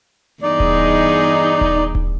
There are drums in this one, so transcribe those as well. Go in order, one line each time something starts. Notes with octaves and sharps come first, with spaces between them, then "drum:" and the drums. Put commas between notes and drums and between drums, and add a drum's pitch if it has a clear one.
E2 G2 D#4 G#4 D5
drum: kick D#1
drum: kick D#1
drum: kick D#1